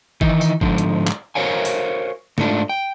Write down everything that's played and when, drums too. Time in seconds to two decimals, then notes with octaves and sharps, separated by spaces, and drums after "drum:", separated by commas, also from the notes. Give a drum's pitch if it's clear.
0.21 D#3 E3 D#4, drum: kick G1
0.41 drum: tambourine
0.61 G#2 D3 F3, drum: kick G1
0.78 drum: hi-hat
1.07 drum: clap
1.35 F#4 A#4 C5 C#5 F5 G#5
1.65 drum: open hi-hat
2.38 G#2 A3 D4 F4, drum: snare
2.69 G5